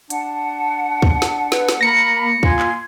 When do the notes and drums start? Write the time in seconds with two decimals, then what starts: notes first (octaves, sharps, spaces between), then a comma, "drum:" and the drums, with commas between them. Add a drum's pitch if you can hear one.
0.10 D4 F#5 A5, drum: hi-hat
1.02 drum: kick
1.22 drum: snare
1.52 B4, drum: snare
1.69 drum: snare
1.81 A#3 A#4 A#5 B5 A#6 C#7
2.43 A#3 F4 G#5 C6 G#6, drum: kick
2.59 drum: clap